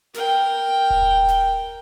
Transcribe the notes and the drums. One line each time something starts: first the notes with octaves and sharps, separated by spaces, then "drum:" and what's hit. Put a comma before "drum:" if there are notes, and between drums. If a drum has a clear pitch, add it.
A#4 G5, drum: snare
drum: kick D#1
drum: snare